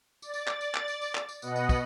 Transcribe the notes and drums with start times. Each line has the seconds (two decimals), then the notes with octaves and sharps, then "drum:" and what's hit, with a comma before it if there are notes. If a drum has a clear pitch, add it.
0.22 D5 A6, drum: tambourine
0.34 drum: tambourine
0.47 drum: clap
0.61 drum: tambourine
0.74 drum: clap
0.88 drum: tambourine
1.02 drum: tambourine
1.15 drum: clap
1.29 drum: tambourine
1.42 B2 B3 D#5 F#5, drum: tambourine
1.56 drum: tambourine
1.69 drum: kick, tambourine